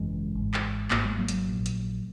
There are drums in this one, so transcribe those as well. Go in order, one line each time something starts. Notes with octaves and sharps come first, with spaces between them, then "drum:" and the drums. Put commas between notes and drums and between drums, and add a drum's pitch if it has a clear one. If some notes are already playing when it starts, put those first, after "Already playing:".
Already playing: G#1 F#2 C#3 E3 G#3
G#1 G#2
drum: clap
G#1 G#2 A#3, drum: clap
G#3
F#3 A#3
drum: hi-hat
A#1 A#2
drum: hi-hat